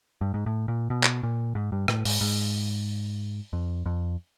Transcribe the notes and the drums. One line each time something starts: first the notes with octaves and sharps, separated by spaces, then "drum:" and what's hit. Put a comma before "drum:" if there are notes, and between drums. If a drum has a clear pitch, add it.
G2
G#2
A2
A#2
B2
drum: clap
A#2
G#2
G2
A2, drum: rim click
G#2, drum: open hi-hat
G#2
F2
F2